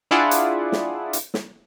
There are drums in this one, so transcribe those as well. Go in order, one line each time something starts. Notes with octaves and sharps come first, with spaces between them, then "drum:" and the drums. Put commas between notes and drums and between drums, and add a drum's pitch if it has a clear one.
D4 E4 F4 G#4 D5 F#5
drum: hi-hat
drum: snare
drum: hi-hat
drum: snare